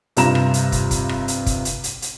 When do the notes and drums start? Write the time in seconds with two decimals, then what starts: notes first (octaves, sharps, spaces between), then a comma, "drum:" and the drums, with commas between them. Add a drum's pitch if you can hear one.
0.17 G2 C3 F4 A#5 E7, drum: hi-hat
0.35 drum: rim click
0.54 drum: hi-hat
0.72 drum: kick, hi-hat
0.91 drum: kick, hi-hat
1.09 drum: rim click
1.28 drum: hi-hat
1.46 drum: kick, hi-hat
1.65 drum: hi-hat
1.84 drum: hi-hat
2.02 drum: hi-hat